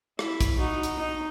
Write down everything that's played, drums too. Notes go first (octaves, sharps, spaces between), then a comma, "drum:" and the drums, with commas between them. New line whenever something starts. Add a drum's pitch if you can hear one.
E4, drum: rim click
drum: kick, hi-hat
D#4 F#4
drum: hi-hat
D#4